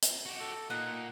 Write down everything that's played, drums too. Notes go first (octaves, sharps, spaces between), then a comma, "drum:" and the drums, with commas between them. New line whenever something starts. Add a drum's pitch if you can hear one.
drum: hi-hat
F#4 G4
A4
A#2 A#3 D#4 F#5